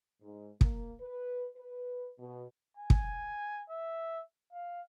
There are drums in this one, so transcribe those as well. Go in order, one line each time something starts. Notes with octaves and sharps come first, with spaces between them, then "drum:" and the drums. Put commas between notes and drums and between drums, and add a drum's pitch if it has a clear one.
G#2
A#3, drum: kick
B4
B4
B2
G#5
drum: kick
E5
F5